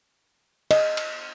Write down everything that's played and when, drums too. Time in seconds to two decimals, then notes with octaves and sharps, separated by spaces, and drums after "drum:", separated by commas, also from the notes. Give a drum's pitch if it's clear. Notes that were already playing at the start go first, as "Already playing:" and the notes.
0.71 D#5, drum: cymbal
0.97 drum: cymbal